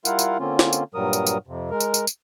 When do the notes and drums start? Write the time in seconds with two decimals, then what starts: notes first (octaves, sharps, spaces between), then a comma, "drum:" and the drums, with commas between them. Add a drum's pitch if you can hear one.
0.05 G3 E4 F4 A#4 F5 F#5, drum: tambourine
0.19 drum: tambourine
0.39 D3 A#3 C4 C#4 F4
0.59 drum: snare
0.73 drum: tambourine
0.94 G2 A#2 F#3 G3 A#4 D#6
1.13 drum: tambourine
1.27 drum: tambourine
1.47 F2 C3
1.71 G#3 A#4
1.80 drum: tambourine
1.94 drum: tambourine
2.07 drum: tambourine